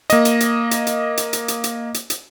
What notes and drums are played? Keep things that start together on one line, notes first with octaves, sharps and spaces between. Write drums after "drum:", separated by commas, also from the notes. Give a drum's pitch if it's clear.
A#3 D#5, drum: hi-hat
drum: hi-hat
drum: hi-hat
drum: hi-hat
drum: hi-hat
drum: hi-hat
drum: hi-hat
drum: hi-hat
drum: hi-hat
drum: hi-hat
drum: hi-hat